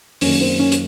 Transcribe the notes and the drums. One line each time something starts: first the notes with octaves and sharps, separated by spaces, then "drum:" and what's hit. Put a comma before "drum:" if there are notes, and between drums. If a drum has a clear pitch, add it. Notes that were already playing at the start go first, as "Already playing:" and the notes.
F#2 D#3 A#3 C#4, drum: open hi-hat
C4
C#4
drum: hi-hat